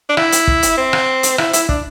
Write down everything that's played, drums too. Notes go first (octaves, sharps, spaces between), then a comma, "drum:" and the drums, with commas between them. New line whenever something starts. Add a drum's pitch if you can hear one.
D4
E4, drum: rim click
drum: hi-hat
drum: kick
drum: hi-hat
C4
drum: rim click
drum: hi-hat
E4, drum: rim click
E4, drum: hi-hat
D4, drum: kick